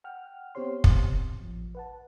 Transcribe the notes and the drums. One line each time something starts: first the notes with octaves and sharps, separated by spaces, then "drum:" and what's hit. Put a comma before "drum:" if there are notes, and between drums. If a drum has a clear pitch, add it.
F#5 G5 F6
B3 C4 G4 C5 C#5 C6
drum: kick
A1 F3
B4 F#5 A5